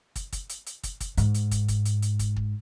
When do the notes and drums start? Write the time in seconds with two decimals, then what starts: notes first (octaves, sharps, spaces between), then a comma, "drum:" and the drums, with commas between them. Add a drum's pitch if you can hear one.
0.16 drum: kick, hi-hat
0.33 drum: kick, hi-hat
0.50 drum: hi-hat
0.67 drum: hi-hat
0.84 drum: kick, hi-hat
1.01 drum: kick, hi-hat
1.18 G#2, drum: hi-hat
1.34 drum: hi-hat
1.51 drum: kick, hi-hat
1.68 drum: kick, hi-hat
1.85 drum: hi-hat
2.02 drum: hi-hat
2.19 drum: kick, hi-hat
2.36 drum: kick